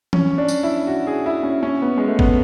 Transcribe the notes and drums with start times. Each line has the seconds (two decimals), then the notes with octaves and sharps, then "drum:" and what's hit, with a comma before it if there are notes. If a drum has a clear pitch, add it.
0.13 C#4, drum: tom E3
0.38 D4
0.48 drum: tambourine
0.63 E4
0.87 F#4
1.07 G#4
1.26 E4
1.43 C#4
1.63 C#4
1.82 B3
1.98 G#3
2.08 A3
2.19 B3, drum: kick